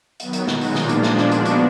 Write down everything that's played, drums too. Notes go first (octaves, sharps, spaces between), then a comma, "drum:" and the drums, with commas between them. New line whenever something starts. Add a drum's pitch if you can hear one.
D#3 F#3 B3, drum: hi-hat
drum: hi-hat
B2 G#3 D#4 F#4, drum: snare
drum: open hi-hat
A#2 F3 A#3 D4 F4, drum: snare
drum: hi-hat
F3 G#3 D4, drum: snare
drum: snare
F3 B3 D4 F#4, drum: hi-hat
drum: hi-hat